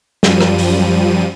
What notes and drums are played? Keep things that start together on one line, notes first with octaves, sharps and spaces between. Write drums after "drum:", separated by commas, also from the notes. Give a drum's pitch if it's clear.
F#2 F3 G3 D#7, drum: snare
drum: rim click
drum: open hi-hat